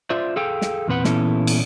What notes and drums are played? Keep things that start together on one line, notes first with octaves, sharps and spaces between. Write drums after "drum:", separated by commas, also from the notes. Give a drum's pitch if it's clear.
F4 C5 D5 E5
G#4 A4 F5 G5
drum: snare
E2 A#2 C4 B4 F#5
A#2 E3 B3 C#4 E4 A4, drum: snare
drum: cymbal